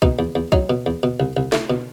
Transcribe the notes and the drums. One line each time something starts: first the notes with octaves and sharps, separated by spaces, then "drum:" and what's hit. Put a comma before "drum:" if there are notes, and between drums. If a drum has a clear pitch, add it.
B2 D#4, drum: kick B1
E2
E2
F#3 D#4, drum: kick B1
B2
E2
B2
C2
C2
A3 E4, drum: snare
B2